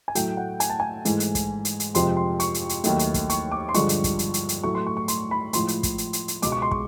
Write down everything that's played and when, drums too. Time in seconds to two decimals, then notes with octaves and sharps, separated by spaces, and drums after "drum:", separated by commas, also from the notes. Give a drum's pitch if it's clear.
0.08 G#5
0.15 A2 F#3 A3 G5, drum: hi-hat
0.37 F#5
0.60 G#5, drum: hi-hat
0.69 A5
0.80 G#5
1.05 G#2 E3 A3, drum: hi-hat
1.20 drum: hi-hat
1.35 drum: kick, hi-hat
1.65 drum: hi-hat
1.80 drum: hi-hat
1.95 F2 C3 F3 G#3 C6, drum: hi-hat
2.17 C6
2.40 C#6, drum: hi-hat
2.54 drum: hi-hat
2.69 drum: hi-hat
2.84 D#2 D#3 F#3 A3, drum: hi-hat
2.99 drum: hi-hat
3.14 drum: kick, hi-hat
3.30 C#6, drum: hi-hat
3.52 D6
3.69 C6
3.74 G2 D3 F3 G#3 C#6, drum: hi-hat
3.89 drum: hi-hat
4.04 drum: kick, hi-hat
4.19 drum: hi-hat
4.34 drum: hi-hat
4.49 drum: hi-hat
4.63 A2 F#3 A3 C#6
4.75 C6
4.87 C#6
4.97 C#6
5.08 C6, drum: hi-hat
5.31 B5
5.53 A2 F3 G#3 C6, drum: hi-hat
5.68 drum: hi-hat
5.83 drum: kick, hi-hat
5.98 drum: hi-hat
6.13 drum: hi-hat
6.28 drum: hi-hat
6.42 C#2 B2 G#3 D6, drum: hi-hat
6.52 C#6
6.62 C6
6.71 C#6, drum: kick